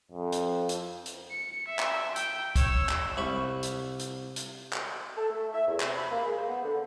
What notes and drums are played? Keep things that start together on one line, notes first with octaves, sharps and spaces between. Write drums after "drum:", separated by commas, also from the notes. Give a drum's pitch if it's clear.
F2
drum: hi-hat
drum: hi-hat
drum: hi-hat
C#7
E5
drum: clap
G5, drum: hi-hat
C#5 E6, drum: kick, hi-hat
drum: clap
C2 B5 C#6
drum: hi-hat
drum: hi-hat
drum: hi-hat
drum: clap
A4
A3
E5
E2
C3, drum: clap
B5
A#3
G#3
C5
B3
D3